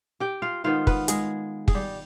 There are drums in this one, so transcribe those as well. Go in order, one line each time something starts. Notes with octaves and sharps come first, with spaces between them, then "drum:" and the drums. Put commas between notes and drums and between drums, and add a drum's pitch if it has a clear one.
G4 G5
F4 F5
G#2 D#3 B3 F4 F5
B3 B4, drum: kick
G#3 G#4, drum: hi-hat
G#4, drum: kick
G3 G4